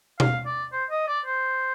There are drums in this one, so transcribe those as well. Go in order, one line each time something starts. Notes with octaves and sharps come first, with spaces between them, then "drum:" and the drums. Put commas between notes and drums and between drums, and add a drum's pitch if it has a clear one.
F5, drum: tom B2
D5
C5
D#5
D5
C5